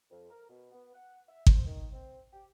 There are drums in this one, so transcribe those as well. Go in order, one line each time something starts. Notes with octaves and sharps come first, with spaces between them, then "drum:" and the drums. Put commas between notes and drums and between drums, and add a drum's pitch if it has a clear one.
F2
A#4
B2
B3
F#5
E5
C5, drum: kick G#1
D#3
C4
G4